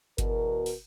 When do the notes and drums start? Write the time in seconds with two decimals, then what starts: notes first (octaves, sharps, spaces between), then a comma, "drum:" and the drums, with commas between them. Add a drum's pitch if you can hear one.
0.18 E2 B2 F#4 A#4, drum: kick G1, hi-hat
0.66 drum: open hi-hat